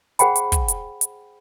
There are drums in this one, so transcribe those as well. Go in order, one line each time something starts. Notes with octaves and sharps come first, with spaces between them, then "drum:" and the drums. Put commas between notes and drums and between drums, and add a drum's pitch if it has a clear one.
G#4 C5 F#5 G5 B5, drum: hi-hat
drum: hi-hat
drum: kick, hi-hat
drum: hi-hat
drum: hi-hat